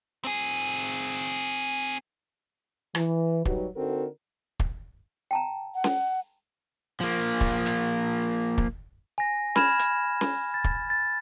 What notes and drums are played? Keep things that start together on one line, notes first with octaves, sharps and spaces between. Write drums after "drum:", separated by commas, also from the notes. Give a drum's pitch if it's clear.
C4 G#4
E3, drum: rim click
F#3 G3 D#4 F#4 G4 B4, drum: kick
D3 C4 D#4 F#4 A4 A#4
drum: kick
G5 A5 A#5
F#5
drum: snare C#4
F3 A#3
drum: kick
drum: hi-hat
drum: kick
G#5 A#6
B5 F6 G#6 E7, drum: snare C#4
drum: hi-hat
drum: snare C#4
A6
drum: kick
A6